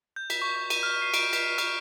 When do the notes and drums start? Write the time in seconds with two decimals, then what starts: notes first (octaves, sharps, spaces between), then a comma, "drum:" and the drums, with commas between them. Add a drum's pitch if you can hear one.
0.16 G6
0.30 B6, drum: cymbal
0.42 C#6
0.55 C#6
0.70 D#7, drum: cymbal
0.83 F6
1.02 C7
1.14 D7, drum: cymbal
1.33 B6, drum: cymbal
1.58 F6, drum: cymbal